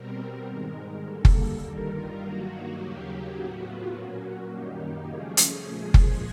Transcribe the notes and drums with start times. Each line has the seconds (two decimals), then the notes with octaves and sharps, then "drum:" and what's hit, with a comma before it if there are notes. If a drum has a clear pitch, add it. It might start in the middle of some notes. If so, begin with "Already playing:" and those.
Already playing: B2 G3 C4 A#4
0.19 A#4
0.47 G#2 D#3 G#3
1.05 D3 G3 A#3 A4
1.25 drum: kick F#1
1.62 G2 D#3 G3 A#4
1.91 F4
2.20 G2 D#3 F#3 A#3 F#4
2.77 D#2 C#3 F#3 A#3 G4
3.35 A2 F#3 B3 F#4
3.64 F4
3.92 A#2 F#3 A#3 C#4 F#4
4.21 F#4
4.50 F#2 D#3 G3 A#3 D#4 G4
4.79 G4
5.07 C#3 F3 A3 C#4 G#4
5.37 drum: hi-hat
5.65 A#2 F3 G#3
5.94 G#4, drum: kick F#1